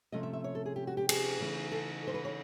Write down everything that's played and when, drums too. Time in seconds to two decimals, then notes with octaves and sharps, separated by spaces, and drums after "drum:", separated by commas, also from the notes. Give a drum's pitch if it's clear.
0.12 C3 F3 A3 C#4 D#5
0.23 E5
0.33 E5
0.44 C#5
0.55 A4
0.66 G#4
0.76 G4
0.87 F#4
0.97 G4
1.09 G#4, drum: cymbal
1.40 C#3 E3 A3 C#4
1.72 A4
2.07 C5
2.14 B4
2.25 C#5